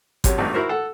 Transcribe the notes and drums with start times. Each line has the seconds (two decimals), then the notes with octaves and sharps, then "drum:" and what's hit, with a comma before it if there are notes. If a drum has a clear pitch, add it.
0.24 F#2 C3 C#5, drum: kick G#1, hi-hat
0.38 G#1 E2 G2 A3 D#4
0.54 E4 F#4 A#4 C5
0.69 A4 F#5